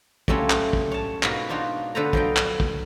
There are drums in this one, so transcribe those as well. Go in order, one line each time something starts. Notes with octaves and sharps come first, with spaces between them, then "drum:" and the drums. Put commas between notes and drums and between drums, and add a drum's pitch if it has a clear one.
F#3 G3 A3 C#4 E4 F4, drum: kick
drum: clap
drum: kick
C#5 A5
G#2 B2 A#3 F#4 A#4 B4, drum: clap
D4 D#4 F4 F#4 C#5
D3 B3 A4 B4 C5 A#5
F3 F#3 D#5 G5, drum: kick
drum: clap
drum: kick